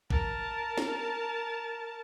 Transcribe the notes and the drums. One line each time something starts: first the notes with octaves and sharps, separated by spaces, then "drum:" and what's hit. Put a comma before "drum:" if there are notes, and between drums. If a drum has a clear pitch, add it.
A#4 A5, drum: kick
drum: snare